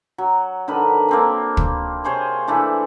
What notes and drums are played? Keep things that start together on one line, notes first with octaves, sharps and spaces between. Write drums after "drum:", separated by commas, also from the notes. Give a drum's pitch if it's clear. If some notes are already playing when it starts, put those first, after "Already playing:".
F#3
D3 D#3 B4
A#3 C4 D4
drum: kick
C3 G#4 C5 C#5
E3 A3 D4